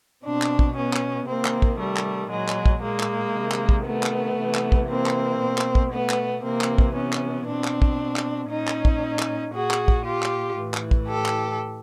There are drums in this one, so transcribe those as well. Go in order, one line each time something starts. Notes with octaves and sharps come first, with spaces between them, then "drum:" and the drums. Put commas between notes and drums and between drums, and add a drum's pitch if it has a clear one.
B2 C4 D4
drum: clap
drum: kick
B3 C#4
drum: clap
C3 D#3 A#3 C4
drum: clap
drum: kick
G3 A3
drum: clap
A#2 F#3 G#3
drum: clap
drum: kick
G#3 A#3
drum: clap
C3 D#3
drum: clap
drum: kick
A3 B3
drum: clap
C3 E3
drum: clap
drum: kick
A#3 C4
drum: clap
B2
drum: clap
drum: kick
A3 B3
drum: clap
C3 E3 A#3 C4
drum: clap
drum: kick
B3 C#4
drum: clap
B2 C4 D4
drum: clap
drum: kick
drum: clap
A#2 C#4 D#4
drum: clap
drum: kick
drum: clap
A#2 F#4 G#4
drum: clap
drum: kick
F4 G4
drum: clap
A2 E3
drum: clap
drum: kick
G4 A4
drum: clap